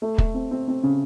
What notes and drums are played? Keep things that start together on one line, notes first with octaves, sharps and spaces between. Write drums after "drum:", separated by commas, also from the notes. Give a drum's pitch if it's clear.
A3
A3, drum: kick
C4
C4
C4
C#3